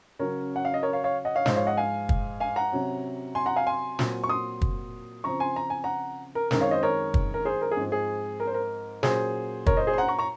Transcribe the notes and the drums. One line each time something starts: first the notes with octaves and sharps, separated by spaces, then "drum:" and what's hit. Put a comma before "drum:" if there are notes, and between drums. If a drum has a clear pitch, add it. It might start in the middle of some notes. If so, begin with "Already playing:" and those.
C#3 F#3 C#4 A#4 C#5
F#5
F5
D#5
A#4 C#5
C#5 F5
C#5 F5
D#5 F#5
C#5 F5
G#2 F3 G#3 C5 D#5, drum: snare
C#5 F5
D#5 F#5
F5 G#5
drum: kick
F5 G#5
F#5 A#5
C3 F#3 C#4
G#5 C6
F#5 A#5
F5 G#5
G#5 C6
A#2 F#3 C4, drum: snare
C#6
C6 D#6
drum: kick
C#3 F3 C4 A#5 C#6
G#5 C6
A#5
G#5
F#5 A#5
A#4
F#2 D#3 G#3 C4 A#4, drum: snare
C#5 F5
C5 D#5
A#4 C#5
drum: kick
A#4
G#4 C5
A#4
G#4
G#2 F3 C4
G#4
A#4
C5
A#4
A#2 F#3 C#4 G#4 C5, drum: snare
A#4 C#5, drum: kick
C5 D#5
G#4 C5
C6
F#5 A#5
A#5 C#6
A#5 C#6